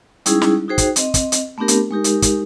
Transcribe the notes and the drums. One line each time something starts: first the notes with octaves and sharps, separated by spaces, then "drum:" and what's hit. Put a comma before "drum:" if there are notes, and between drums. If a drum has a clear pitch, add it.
G3 G#3 C#4 D#4 E4 G#4, drum: hi-hat
drum: snare
D#4 F#4 G#4 C5 G5
drum: kick, hi-hat
C4 D#5, drum: hi-hat
drum: kick, hi-hat
drum: hi-hat
A3 B3 C4 D4 G4 A#4
drum: hi-hat
G#3 D#4 G4 A#4
drum: hi-hat
drum: kick, hi-hat